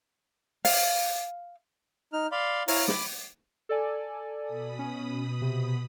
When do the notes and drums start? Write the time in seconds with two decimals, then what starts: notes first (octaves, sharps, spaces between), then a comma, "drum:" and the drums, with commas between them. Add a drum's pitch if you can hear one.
0.65 F5, drum: open hi-hat
2.13 D#4 F6
2.32 D5 F5 B5 C6
2.68 E4 C#5 F5 A#5, drum: open hi-hat
2.88 B5 D6, drum: snare
3.69 A4 D5 G#5
4.44 B2 B5 D#6
4.79 C#4
5.42 C3